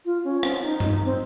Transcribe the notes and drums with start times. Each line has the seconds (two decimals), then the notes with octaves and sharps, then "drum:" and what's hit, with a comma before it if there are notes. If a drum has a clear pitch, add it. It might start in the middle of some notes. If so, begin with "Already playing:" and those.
0.05 F4
0.24 C#4
0.43 C4, drum: rim click
0.61 D#4
0.80 D#4, drum: tom G2
1.05 C4